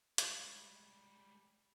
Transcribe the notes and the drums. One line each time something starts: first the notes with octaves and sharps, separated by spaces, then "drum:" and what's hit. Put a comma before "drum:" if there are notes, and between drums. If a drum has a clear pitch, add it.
G3 G#3, drum: hi-hat